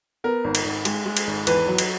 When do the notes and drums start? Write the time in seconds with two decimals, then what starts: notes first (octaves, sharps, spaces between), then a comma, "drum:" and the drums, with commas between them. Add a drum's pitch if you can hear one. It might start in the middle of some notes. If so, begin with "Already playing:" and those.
0.24 B3 A#4
0.44 G#1
0.55 drum: cymbal
0.64 G#1
0.85 G#3, drum: cymbal
1.06 G#3
1.17 drum: cymbal
1.27 G#1
1.47 E2 B4, drum: cymbal
1.68 F#3
1.78 drum: cymbal